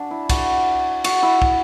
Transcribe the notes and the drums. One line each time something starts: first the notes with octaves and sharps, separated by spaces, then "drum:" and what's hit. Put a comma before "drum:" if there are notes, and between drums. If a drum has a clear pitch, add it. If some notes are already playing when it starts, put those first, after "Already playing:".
Already playing: D4 F#4
E4
F#4, drum: kick, cymbal
F#4, drum: cymbal
E4
drum: kick